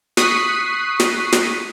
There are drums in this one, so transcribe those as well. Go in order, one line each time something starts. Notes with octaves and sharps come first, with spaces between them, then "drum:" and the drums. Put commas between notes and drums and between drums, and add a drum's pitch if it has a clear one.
C#6 D#6 F#6 B6 C7 D#7, drum: snare
drum: snare
drum: snare